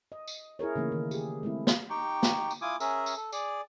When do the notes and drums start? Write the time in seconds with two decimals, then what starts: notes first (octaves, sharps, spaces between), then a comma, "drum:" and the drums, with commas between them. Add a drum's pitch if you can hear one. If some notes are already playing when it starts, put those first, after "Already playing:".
0.12 D#5
0.28 drum: tambourine
0.59 E4 G#4 A#4 C#5
0.76 C#3 E3 A3 A#3 D#4
0.92 D#3
1.11 G4 G#4, drum: tambourine
1.43 G#3 A3 C4 E4
1.67 drum: snare
1.90 D#4 G4 G5 C#6
2.23 drum: snare
2.51 drum: tambourine
2.62 E4 F4 G#5 D6 D#6
2.80 C#4 G#4 A#4 E5, drum: tambourine
3.06 drum: tambourine
3.16 A4
3.32 G#4 D5, drum: tambourine